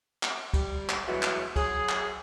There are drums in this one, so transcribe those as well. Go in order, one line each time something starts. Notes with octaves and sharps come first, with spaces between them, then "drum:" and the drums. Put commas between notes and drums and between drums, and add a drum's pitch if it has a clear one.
drum: clap
G3, drum: kick, cymbal
drum: clap
B2 E3 F#3 G#3 F#4
drum: clap
F#3 G#4, drum: kick, cymbal
drum: clap